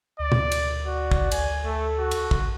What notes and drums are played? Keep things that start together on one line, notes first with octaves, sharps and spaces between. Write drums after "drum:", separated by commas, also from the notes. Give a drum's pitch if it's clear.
D2 D5
drum: tom
drum: cymbal
F#4 D5
drum: kick
G#5, drum: cymbal
A3 A4
F#4
drum: cymbal
drum: kick